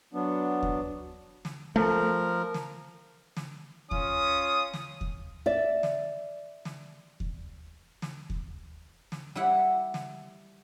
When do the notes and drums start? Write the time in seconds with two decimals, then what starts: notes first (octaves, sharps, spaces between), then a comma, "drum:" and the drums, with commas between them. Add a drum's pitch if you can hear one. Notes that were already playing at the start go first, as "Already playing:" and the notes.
0.13 F#3 B3 D4
0.63 drum: kick D#2
1.45 drum: snare
1.76 F3 A3 A#4
2.54 drum: snare
3.37 drum: snare
3.91 C#4 F4 D#6, drum: kick D#2
4.73 drum: snare
5.01 drum: kick D#2
5.46 D5 E5
5.83 drum: snare
6.65 drum: snare
7.20 drum: kick D#2
8.02 drum: snare
8.30 drum: kick D#2
9.12 drum: snare
9.35 G3 E4 F#5
9.94 drum: snare